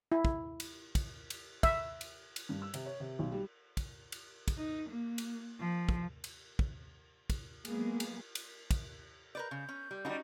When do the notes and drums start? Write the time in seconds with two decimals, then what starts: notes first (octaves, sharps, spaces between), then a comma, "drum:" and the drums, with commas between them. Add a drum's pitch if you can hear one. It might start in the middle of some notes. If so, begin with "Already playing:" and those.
0.12 E4
0.25 drum: kick
0.60 drum: cymbal
0.95 drum: kick, cymbal
1.30 drum: cymbal
1.63 E5, drum: kick, cymbal
2.01 drum: cymbal
2.36 drum: cymbal
2.49 G2
2.62 E6
2.74 C3, drum: cymbal
2.86 C#5
3.00 C3
3.19 B1
3.32 G3
3.77 drum: kick, cymbal
4.12 drum: cymbal
4.48 drum: kick, cymbal
4.57 D#4
4.89 A#3
5.18 drum: cymbal
5.59 F3
5.89 drum: kick
6.24 drum: cymbal
6.59 drum: kick
7.30 drum: kick, cymbal
7.65 F#3 G#3 A#3 B3 G#4, drum: cymbal
8.00 drum: cymbal
8.35 drum: cymbal
8.71 drum: kick, cymbal
9.35 A#4 B4 D5 G6
9.51 C#3
9.69 C#4
9.91 G3
10.05 C#3 G3 D#4 F#4